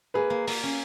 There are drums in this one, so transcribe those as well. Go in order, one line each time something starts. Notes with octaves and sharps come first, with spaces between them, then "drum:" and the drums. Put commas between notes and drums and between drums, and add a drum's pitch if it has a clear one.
A#3 G#4 B4
A#3
A#3, drum: open hi-hat
C#4